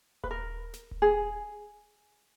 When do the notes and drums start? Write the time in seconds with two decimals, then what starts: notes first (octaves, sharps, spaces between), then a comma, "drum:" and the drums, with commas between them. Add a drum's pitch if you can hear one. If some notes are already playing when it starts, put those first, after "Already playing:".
0.24 B4, drum: kick D#1
0.31 A#4
0.74 drum: snare
0.91 drum: kick D#1
1.02 G#4